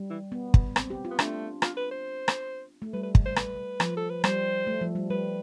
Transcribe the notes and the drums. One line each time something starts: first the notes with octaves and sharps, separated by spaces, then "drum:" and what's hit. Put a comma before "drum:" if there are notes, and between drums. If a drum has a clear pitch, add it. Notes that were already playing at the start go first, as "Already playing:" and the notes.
Already playing: G3
E3
B3
drum: kick
C4, drum: rim click
G4
F4
B3
A3 D4, drum: rim click
F4, drum: rim click
B4
C5
drum: rim click
A3
G3 B4
B4
drum: kick
C5
B4, drum: rim click
F3, drum: rim click
A4
B4
G3 C5, drum: rim click
A3
F3
G3
G3 B4